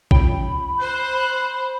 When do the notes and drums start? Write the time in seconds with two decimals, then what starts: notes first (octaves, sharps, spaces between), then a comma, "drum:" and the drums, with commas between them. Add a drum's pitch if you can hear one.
0.11 C#2 G5 B5, drum: kick A1
0.80 C5 F#6